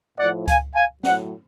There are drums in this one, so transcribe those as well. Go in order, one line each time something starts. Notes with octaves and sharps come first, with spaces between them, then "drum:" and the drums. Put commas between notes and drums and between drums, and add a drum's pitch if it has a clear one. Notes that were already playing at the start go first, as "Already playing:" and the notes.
A2 F3 D5 F#5
F5 G#5, drum: kick C#2, hi-hat
F5 G#5
A2 F#3 D5 F#5, drum: snare